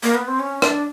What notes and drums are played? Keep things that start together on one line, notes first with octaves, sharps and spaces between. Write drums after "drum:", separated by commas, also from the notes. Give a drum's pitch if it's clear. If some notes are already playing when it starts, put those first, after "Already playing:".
A#3
B3
C4
C#4
D4, drum: rim click